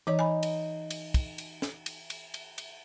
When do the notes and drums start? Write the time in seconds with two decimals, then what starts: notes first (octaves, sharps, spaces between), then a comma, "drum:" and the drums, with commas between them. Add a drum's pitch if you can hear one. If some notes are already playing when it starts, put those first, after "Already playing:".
0.07 E3 D#4 C#5
0.19 G#5 B5
0.43 drum: cymbal
0.90 drum: cymbal
1.14 drum: kick, cymbal
1.38 drum: cymbal
1.62 drum: snare
1.86 drum: cymbal
2.10 drum: cymbal
2.34 drum: cymbal
2.58 drum: cymbal